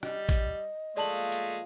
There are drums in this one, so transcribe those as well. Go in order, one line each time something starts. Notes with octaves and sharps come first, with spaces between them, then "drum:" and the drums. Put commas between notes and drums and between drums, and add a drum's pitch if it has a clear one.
G3 D#5, drum: rim click
drum: kick, hi-hat
A#2 F3 G#3 A3 D5 A5 F#7
drum: hi-hat